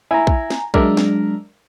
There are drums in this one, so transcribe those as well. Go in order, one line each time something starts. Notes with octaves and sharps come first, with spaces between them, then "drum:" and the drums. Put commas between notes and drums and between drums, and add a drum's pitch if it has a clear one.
E4 G#5 A#5
drum: kick
drum: snare
F#3 G#3 D4 A#4 D5 E5, drum: kick
drum: snare